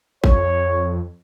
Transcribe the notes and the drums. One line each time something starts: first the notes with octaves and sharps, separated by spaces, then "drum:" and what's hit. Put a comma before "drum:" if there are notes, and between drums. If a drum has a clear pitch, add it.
F2 C#5, drum: kick A1